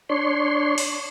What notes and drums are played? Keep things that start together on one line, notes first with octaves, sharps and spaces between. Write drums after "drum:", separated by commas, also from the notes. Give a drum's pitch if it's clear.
D4 C#5 C6
drum: open hi-hat